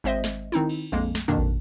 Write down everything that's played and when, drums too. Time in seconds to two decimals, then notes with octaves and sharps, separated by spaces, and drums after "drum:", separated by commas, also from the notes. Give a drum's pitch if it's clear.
0.04 G#1 G#3 C4 C5 D#5 E5
0.24 drum: snare
0.52 D#3 C4 D#4 E4
0.69 drum: cymbal
0.92 A#1 F2 G#3 A#3
1.15 drum: snare
1.28 F2 B2 D#3 A#3 D4
1.38 drum: kick